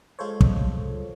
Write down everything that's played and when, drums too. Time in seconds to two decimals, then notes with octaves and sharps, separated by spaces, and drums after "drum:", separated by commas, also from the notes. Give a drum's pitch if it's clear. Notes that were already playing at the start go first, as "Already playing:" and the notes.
0.19 G#3 F4 A4 C5 C#5
0.41 drum: kick